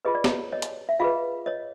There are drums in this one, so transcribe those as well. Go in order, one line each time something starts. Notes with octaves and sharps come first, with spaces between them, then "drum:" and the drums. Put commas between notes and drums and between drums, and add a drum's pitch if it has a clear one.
F4 G#4 B4 D#5
D5
C#5 D#5, drum: snare
C#5 D#5
drum: hi-hat
E5
F4 G#4 B4 D#5 F5
C#5 D#5